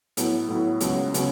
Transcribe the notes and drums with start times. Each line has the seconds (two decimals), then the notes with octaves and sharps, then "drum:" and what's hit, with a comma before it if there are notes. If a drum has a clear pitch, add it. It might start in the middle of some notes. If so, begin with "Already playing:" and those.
0.17 A2 F#3 B3 E4, drum: hi-hat
0.48 A2 F#3 B3 E4
0.80 C#2 C#3 F#3 B3 F#4, drum: hi-hat
1.14 C#3 F#3 B3 F#4, drum: hi-hat